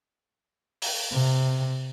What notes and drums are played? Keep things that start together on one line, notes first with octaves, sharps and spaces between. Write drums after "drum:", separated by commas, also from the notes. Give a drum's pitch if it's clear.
drum: open hi-hat
C3